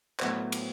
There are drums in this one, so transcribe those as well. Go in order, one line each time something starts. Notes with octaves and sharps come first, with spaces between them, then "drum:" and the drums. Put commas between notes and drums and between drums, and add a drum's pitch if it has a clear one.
A2 F#3 B3 F#4 C5, drum: clap
drum: cymbal